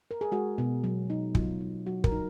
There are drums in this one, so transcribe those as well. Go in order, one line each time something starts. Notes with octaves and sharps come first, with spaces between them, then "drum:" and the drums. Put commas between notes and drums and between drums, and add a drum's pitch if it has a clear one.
A#4
G#4
G#3 F#4
B2
F#3
D#4
F#3 F4, drum: kick
D#4
F#3 F#4
A#4, drum: kick
D#4